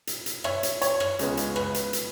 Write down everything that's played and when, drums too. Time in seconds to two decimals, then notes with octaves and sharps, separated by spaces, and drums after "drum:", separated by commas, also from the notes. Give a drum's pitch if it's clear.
0.07 drum: hi-hat
0.26 drum: hi-hat
0.44 C#5 E5, drum: rim click
0.63 drum: hi-hat
0.82 C#5, drum: hi-hat
1.00 drum: rim click
1.19 C#2 C#3 G#3 B3, drum: hi-hat
1.37 drum: hi-hat
1.56 B4, drum: rim click
1.74 drum: hi-hat
1.93 drum: hi-hat